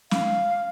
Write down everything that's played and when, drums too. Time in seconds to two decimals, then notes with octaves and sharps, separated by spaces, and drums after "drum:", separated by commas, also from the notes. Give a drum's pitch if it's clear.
0.11 F5, drum: snare